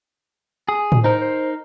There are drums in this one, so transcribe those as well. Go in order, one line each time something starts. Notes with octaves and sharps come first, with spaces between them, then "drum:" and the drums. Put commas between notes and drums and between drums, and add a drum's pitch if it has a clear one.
G#4
drum: tom A2
D#4 A#4 C5
C5